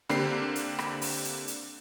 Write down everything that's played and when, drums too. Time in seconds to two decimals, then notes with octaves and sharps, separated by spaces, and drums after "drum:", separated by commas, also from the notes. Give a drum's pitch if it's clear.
0.09 D3 A#3 C4 D4 G4 C7, drum: rim click
0.55 drum: hi-hat
0.79 drum: rim click
1.02 drum: open hi-hat
1.25 drum: hi-hat
1.48 drum: hi-hat